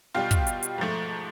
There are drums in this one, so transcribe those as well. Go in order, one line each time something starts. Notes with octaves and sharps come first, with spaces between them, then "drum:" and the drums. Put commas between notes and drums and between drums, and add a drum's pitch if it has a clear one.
B2 G3 F4 G4
drum: kick, hi-hat
drum: hi-hat
drum: hi-hat
G#2 F3 A3